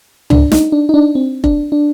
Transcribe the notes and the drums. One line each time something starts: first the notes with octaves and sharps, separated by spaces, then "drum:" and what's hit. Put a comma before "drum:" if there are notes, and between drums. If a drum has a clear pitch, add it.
D4, drum: tom C#2
D#4, drum: snare
D4
D#4
D4
C4
D4, drum: kick F1
D4